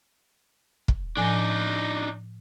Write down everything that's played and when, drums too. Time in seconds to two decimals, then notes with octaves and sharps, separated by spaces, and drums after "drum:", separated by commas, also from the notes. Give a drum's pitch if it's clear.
0.88 drum: kick
1.17 A2 F3 D4 D#4 G#5